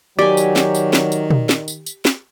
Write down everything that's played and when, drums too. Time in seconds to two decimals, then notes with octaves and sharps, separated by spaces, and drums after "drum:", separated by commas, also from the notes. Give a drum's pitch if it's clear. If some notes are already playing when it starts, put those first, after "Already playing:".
0.19 D#3 F#3 G4 D5 G#5
0.37 drum: tambourine
0.56 drum: snare
0.75 drum: tambourine
0.93 drum: snare
1.12 drum: tambourine
1.30 drum: tom
1.49 drum: snare
1.68 drum: tambourine
1.86 drum: tambourine
2.05 drum: snare